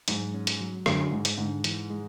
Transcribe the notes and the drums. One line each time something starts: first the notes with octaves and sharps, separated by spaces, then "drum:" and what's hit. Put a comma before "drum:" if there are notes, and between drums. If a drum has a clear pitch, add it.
G#2 F#3, drum: hi-hat
C#4
drum: hi-hat
F#3
F#2 D3, drum: rim click
G#2 G#3
drum: hi-hat
G#2 D3
E3, drum: hi-hat
G#3